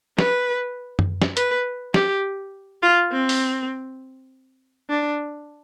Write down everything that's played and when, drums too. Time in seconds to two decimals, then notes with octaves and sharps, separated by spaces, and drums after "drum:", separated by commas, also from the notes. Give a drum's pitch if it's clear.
0.19 B4, drum: snare
0.99 drum: tom F#2
1.22 drum: snare
1.37 B4, drum: hi-hat
1.94 G4, drum: snare
2.83 F4
3.13 C4
3.29 drum: open hi-hat
4.90 D4